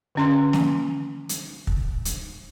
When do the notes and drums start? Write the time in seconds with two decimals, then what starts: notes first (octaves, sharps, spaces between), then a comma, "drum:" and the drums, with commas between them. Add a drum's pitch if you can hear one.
0.15 D3 C#4 C6
0.53 drum: snare
1.29 drum: hi-hat
1.67 drum: kick
2.05 drum: hi-hat